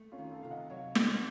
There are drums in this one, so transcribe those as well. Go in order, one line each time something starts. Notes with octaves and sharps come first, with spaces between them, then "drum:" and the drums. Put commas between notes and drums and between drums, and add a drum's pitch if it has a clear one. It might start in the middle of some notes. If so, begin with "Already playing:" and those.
Already playing: A3
C#4 F4
D#3
F4 A4
C3 F5
D#5 F#5
F#3 C#5 F5
A3, drum: snare